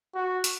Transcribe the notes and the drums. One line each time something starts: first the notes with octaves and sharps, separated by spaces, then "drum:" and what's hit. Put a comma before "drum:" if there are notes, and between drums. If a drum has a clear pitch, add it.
F#4
drum: hi-hat